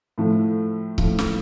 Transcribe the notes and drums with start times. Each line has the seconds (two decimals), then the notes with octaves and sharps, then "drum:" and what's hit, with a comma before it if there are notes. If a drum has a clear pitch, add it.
0.18 A2 F3 A3
0.98 A2 F3, drum: kick C#1
1.19 drum: snare